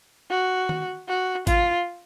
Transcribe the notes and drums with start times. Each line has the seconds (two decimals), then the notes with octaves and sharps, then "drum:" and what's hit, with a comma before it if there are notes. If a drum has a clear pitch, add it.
0.30 F#4
0.69 drum: tom
1.08 F#4
1.47 F4, drum: kick, hi-hat